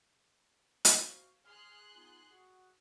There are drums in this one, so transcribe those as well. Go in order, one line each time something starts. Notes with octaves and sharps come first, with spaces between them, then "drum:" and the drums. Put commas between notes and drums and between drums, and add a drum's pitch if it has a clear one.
drum: hi-hat
F#4 C5 F5
G#4 C6 F6 F#6
B3 D#4 F4
F#4 G#4 F#5